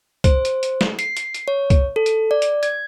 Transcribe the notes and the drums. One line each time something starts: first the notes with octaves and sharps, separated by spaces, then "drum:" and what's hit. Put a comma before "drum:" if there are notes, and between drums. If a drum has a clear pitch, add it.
C5, drum: kick C2, hi-hat
drum: hi-hat
drum: hi-hat
drum: snare
C7, drum: hi-hat
drum: hi-hat
drum: hi-hat
C#5
drum: kick C2, hi-hat
A4
drum: hi-hat
D5
drum: hi-hat
G#6, drum: hi-hat